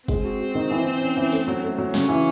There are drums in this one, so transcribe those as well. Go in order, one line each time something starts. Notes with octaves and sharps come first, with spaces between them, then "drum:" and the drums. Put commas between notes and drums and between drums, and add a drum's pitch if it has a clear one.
G#3 C4, drum: kick, hi-hat
F#4
F#4
D#3
E3
E3
C#4
E3
A3, drum: open hi-hat
F#3
A3
F#3
C#3 C#4, drum: snare
E3